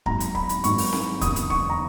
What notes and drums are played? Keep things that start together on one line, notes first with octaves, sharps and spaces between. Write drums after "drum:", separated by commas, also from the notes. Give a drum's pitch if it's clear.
G#1 G#2 D#3 F#3 A#5, drum: kick
drum: hi-hat
B5, drum: kick
drum: hi-hat
G#1 G#2 D#3 F#3 C#6, drum: hi-hat
drum: open hi-hat
drum: snare C4
E1 D#2 C#3 D#6, drum: kick, hi-hat
drum: hi-hat
C#6, drum: kick
A#5